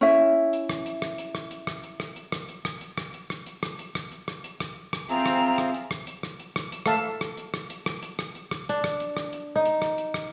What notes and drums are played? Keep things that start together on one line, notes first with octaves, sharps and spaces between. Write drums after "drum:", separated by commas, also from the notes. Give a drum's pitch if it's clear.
C#4 E4 E5
drum: hi-hat
drum: rim click
drum: hi-hat
drum: rim click
drum: hi-hat
drum: rim click
drum: hi-hat
drum: rim click
drum: hi-hat
drum: rim click
drum: hi-hat
drum: rim click
drum: hi-hat
drum: rim click
drum: hi-hat
drum: rim click
drum: hi-hat
drum: rim click
drum: hi-hat
drum: rim click
drum: hi-hat
drum: rim click
drum: hi-hat
drum: rim click
drum: hi-hat
drum: rim click
drum: rim click
C4 F4 G#4 E5 A#5, drum: hi-hat
drum: rim click
drum: rim click
drum: hi-hat
drum: rim click
drum: hi-hat
drum: rim click
drum: hi-hat
drum: rim click
drum: hi-hat
A3 A4 E5 F5 A5, drum: rim click
drum: rim click
drum: hi-hat
drum: rim click
drum: hi-hat
drum: rim click
drum: hi-hat
drum: rim click
drum: hi-hat
drum: rim click
D4, drum: hi-hat
drum: rim click
drum: hi-hat
drum: rim click
drum: hi-hat
D#4
drum: hi-hat
drum: rim click
drum: hi-hat
drum: rim click